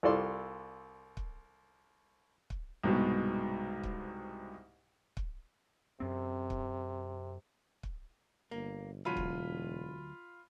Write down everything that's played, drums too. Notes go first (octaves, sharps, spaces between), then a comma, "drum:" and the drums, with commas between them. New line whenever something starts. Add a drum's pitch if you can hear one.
C2 F4 A4 D5 C6
drum: kick
drum: kick
C2 G#2 B2
drum: kick
drum: kick
F#2 C3 C4
drum: kick
drum: kick
G1 A#3
E1 D2 F#3 F4 B5 D#7
drum: kick